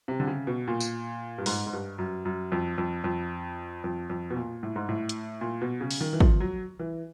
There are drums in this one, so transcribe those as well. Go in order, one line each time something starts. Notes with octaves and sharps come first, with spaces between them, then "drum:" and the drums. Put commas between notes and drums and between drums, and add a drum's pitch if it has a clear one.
C3
D3
C#3
B2
A#2
drum: tambourine
G2
G#2, drum: open hi-hat
G#2
G2
F#2
F#2
F2
F2
F2
F2
F2
B2
A#2
A2
G#2
A2
drum: hi-hat
A#2
B2
C#3
drum: open hi-hat
D#3
E3
F3, drum: kick
F#3
E3